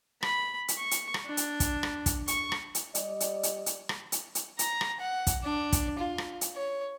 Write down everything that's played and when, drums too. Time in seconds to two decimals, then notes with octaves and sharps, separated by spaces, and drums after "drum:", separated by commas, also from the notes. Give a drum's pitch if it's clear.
0.23 B5, drum: rim click
0.68 drum: hi-hat
0.78 C#6
0.91 drum: hi-hat
1.14 drum: rim click
1.26 D4
1.37 drum: hi-hat
1.60 drum: kick, hi-hat
1.83 drum: rim click
2.06 drum: kick, hi-hat
2.28 C#6, drum: hi-hat
2.52 drum: rim click
2.75 drum: hi-hat
2.95 G3 D5 D#5, drum: hi-hat
3.20 drum: hi-hat
3.43 drum: hi-hat
3.66 drum: hi-hat
3.89 drum: rim click
4.12 drum: hi-hat
4.35 drum: hi-hat
4.59 A#5, drum: hi-hat
4.81 drum: rim click
5.01 F#5
5.27 drum: kick, hi-hat
5.44 D4
5.72 drum: kick, hi-hat
5.99 F4
6.18 drum: rim click
6.41 drum: hi-hat
6.55 C#5